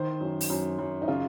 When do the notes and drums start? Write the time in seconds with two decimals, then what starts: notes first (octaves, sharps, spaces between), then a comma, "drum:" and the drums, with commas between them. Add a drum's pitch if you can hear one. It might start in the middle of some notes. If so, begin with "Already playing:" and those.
Already playing: D#3 C5
0.21 F#2
0.41 drum: open hi-hat
0.50 F#2
0.79 F#2
1.02 D#4
1.08 C#3 F4